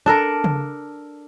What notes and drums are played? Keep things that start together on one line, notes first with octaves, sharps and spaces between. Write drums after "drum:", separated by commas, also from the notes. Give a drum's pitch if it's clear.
D4 A4 A#4
drum: tom C#3